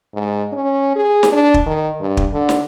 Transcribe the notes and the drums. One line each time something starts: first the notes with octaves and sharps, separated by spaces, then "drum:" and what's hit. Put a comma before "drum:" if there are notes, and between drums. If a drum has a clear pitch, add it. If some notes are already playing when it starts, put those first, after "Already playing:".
G#2
C#4
G#4
drum: snare
D4
drum: kick
D#3
G2
drum: kick
D3
drum: snare